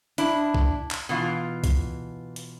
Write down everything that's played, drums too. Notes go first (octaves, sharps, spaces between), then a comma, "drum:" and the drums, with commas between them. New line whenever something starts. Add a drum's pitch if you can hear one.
D4 E4, drum: hi-hat
drum: kick
drum: clap
B2 E3 F4
drum: kick, hi-hat
drum: hi-hat